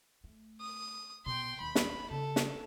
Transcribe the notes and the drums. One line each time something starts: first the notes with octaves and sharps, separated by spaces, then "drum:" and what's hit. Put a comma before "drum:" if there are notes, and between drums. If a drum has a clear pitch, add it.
A3
D#6
B2 B3 G5 C6
D#2 B5
drum: snare
C#3 A4
drum: snare